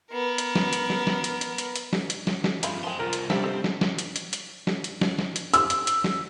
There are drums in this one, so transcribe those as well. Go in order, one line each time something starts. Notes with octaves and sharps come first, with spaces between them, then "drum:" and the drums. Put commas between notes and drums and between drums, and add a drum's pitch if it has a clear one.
B3 A#4
drum: hi-hat
drum: snare
drum: hi-hat
drum: snare
drum: snare
drum: hi-hat
drum: hi-hat
drum: hi-hat
drum: hi-hat
drum: snare
drum: hi-hat
drum: snare
drum: snare
G2 F3 G#3 E4 F4, drum: hi-hat
F3 C4 G#5 C6
C2 F4 A#4
drum: hi-hat
C3 G3 D4 E5 F5, drum: snare
C4 A4 D#5
drum: snare
drum: snare
drum: hi-hat
drum: hi-hat
drum: hi-hat
drum: snare
drum: hi-hat
drum: snare
drum: snare
drum: hi-hat
E6, drum: hi-hat
drum: hi-hat
drum: hi-hat
drum: snare